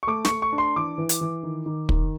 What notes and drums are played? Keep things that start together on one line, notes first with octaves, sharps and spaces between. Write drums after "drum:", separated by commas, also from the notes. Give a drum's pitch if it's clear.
C#6
A3 D6
C#6, drum: snare
A3
C#6
D4
C6
E3 D6
E3
drum: hi-hat
E3
D#3
D#3
D#3, drum: kick